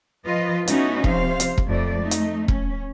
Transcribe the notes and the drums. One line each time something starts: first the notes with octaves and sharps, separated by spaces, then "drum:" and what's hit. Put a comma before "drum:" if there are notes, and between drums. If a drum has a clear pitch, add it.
F3 F4 B4 D#5
A3 B3 C#4 D#4 E4 F#4, drum: hi-hat
C3 F3 C5 F5, drum: kick E1
drum: hi-hat
drum: kick E1
F2 A3 D5
A3 D#4
drum: hi-hat
C#4, drum: kick E1